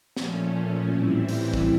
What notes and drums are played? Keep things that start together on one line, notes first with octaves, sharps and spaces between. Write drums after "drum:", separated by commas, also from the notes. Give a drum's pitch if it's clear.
A#2 F3 A3 C#4, drum: snare
A2 E3 G3 C4 E4
drum: open hi-hat
drum: kick